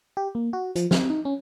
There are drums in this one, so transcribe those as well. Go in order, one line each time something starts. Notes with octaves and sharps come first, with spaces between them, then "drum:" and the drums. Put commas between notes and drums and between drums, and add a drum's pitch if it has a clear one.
G4
A#3
F#4
F3, drum: hi-hat
C4, drum: snare
D#4
C#4